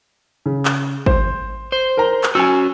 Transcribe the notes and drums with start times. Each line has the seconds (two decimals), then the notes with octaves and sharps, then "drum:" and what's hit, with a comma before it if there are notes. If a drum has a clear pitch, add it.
0.46 C#3
0.65 drum: clap
1.06 C5, drum: kick G#1
1.72 C5
1.97 A#4 A#5
2.23 drum: clap
2.35 C#4 F#4 G#5 E6